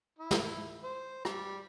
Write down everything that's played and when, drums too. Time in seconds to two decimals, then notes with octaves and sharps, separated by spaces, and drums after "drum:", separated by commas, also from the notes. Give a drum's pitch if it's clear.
0.19 E4
0.31 drum: snare
0.84 C5
1.25 G3, drum: rim click